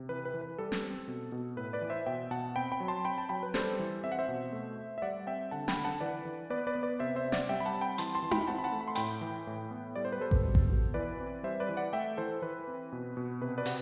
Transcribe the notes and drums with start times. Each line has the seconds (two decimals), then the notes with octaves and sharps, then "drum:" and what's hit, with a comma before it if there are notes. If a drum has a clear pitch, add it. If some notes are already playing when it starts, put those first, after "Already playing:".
Already playing: C3
0.09 E3 B4
0.25 B4
0.34 E3
0.41 B4
0.58 G3 A4
0.72 drum: snare
0.83 C4
1.08 B2
1.32 B2
1.56 A2 B4
1.73 B4 D5
1.81 E3
1.90 C5 E5
2.06 B2 E5 G5
2.31 B2 F#5 A5
2.56 C4 G5 B5
2.72 G5 B5
2.80 F#3
2.88 A5 C6
3.05 C4 G5 B5
3.18 A5
3.29 F#3 G5 B5
3.43 B4
3.54 G3 A4 C5, drum: snare
3.79 E3
4.04 C4 E5
4.12 F#5
4.19 C5 E5
4.28 B2
4.52 A3
4.78 A3
4.98 E5
5.02 G3 D5 F#5
5.27 C4 E5 G5
5.51 D3 F#5 A5
5.68 G5 B5, drum: snare
5.76 D3
5.84 F#5 A5
6.00 E3 B4 D5
6.25 E3
6.50 B3 B4 D5
6.67 B4 D5
6.75 B3
6.83 B4 D5
6.99 C3 C5 E5
7.16 C5 E5
7.25 C4
7.32 D5 F#5, drum: snare
7.49 G3 E5 G5
7.60 B5
7.66 F#5 A5
7.74 C4
7.81 G5 B5
7.98 E3 A5 C6, drum: hi-hat
8.15 A5 C6
8.23 E3
8.31 G5 B5, drum: tom D#4
8.48 C4 F#5 A5
8.59 B5
8.64 F#5 A5
8.72 A3
8.81 B5
8.88 C6
8.95 A2 G5 B5, drum: hi-hat
9.21 E3
9.47 A2
9.71 B3
9.96 G3 D5
10.05 C5
10.12 B4
10.20 G3 A4 C5
10.31 drum: kick A1
10.45 B2
10.55 drum: kick A1
10.70 B2
10.94 E3 B4 D5
11.19 C4
11.43 G3 C5 E5
11.60 B4 D5
11.69 E3
11.77 D5 F#5
11.93 A3 E5 G5
12.17 E3 A4 C5
12.42 E3 B4
12.67 C4
12.92 B2
13.17 B2
13.41 C3 B4
13.58 B4 D5
13.66 C3 F#5, drum: open hi-hat